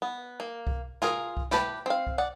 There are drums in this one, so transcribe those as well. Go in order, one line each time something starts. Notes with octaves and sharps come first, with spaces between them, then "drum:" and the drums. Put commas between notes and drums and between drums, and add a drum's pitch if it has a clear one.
B3
A#3
drum: kick C2
F4 G#4 A#4, drum: snare
drum: kick C2
E4 G4 B4 A5, drum: snare
C4 F5
drum: kick C2
D5 F#5